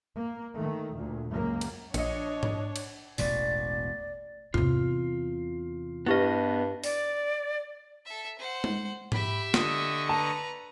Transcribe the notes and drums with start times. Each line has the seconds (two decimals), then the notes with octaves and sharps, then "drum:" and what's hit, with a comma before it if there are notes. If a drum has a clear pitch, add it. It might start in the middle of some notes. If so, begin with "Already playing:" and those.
0.16 A#3
0.56 D#3 A3
0.96 D2 A#2
1.31 C#2 F#2 A#3
1.61 drum: cymbal
1.94 A#1 D4 C#5 D#5 C#7, drum: cymbal
2.43 drum: tom G#2
2.76 drum: cymbal
3.18 E1 A1 B2 D5, drum: open hi-hat
4.54 E2 C3 F4, drum: tom G#2
6.06 G2 B3 E4 G4 B4 D#5
6.84 D5, drum: open hi-hat
8.06 A4 E5
8.39 C5 F#5
8.64 drum: tom G#3
9.12 G4 E5 B5, drum: tom G#2
9.54 D3 D#5 C#6, drum: snare
10.09 B4 A5 A#5